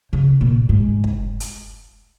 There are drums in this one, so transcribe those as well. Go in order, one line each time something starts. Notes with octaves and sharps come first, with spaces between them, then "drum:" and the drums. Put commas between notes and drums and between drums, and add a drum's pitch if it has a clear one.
C#3
A#2
G#2
drum: kick
drum: hi-hat